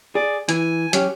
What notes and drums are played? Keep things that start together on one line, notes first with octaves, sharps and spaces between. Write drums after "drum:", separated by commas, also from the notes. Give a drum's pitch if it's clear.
G#4 D5
E3 G#5, drum: hi-hat
F#3 C#4 G4, drum: hi-hat